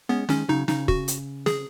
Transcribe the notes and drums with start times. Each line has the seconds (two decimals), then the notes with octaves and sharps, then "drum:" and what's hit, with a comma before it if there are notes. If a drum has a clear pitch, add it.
0.09 G#3 B3 C#4
0.29 D#3 G#3 C#4, drum: snare
0.48 C#3 F#3 D#4
0.68 C#3 D#4, drum: snare
0.88 F#4, drum: kick
1.08 drum: hi-hat
1.46 G#4, drum: snare